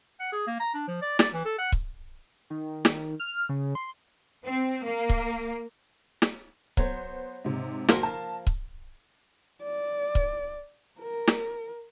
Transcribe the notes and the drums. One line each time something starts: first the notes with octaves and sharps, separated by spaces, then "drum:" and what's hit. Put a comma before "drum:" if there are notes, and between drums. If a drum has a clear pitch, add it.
F#5
G#4
A#3
A#5
D4
F3
D5
D5, drum: snare
E3
A4
F#5
drum: kick C#1
D#3
drum: snare
F6
C#3
C6
C4
A#3
drum: kick C#1
drum: snare
F#3 B3 C5, drum: kick C#1
G#2 C3
D#2 F3 A#3 F#4 A#4 C6, drum: snare
A5
drum: kick C#1
D5
drum: kick C#1
A#4
drum: snare